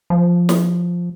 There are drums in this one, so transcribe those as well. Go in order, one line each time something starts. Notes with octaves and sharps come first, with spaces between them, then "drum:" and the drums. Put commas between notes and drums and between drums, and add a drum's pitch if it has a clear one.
F3
drum: snare